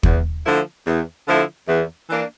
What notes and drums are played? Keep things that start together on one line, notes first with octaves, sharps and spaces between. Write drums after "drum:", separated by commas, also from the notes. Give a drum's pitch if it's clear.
E2, drum: kick
D3 F3 A3 E4
E2
D3 F3 A3 E4
E2
E3 A#3 D4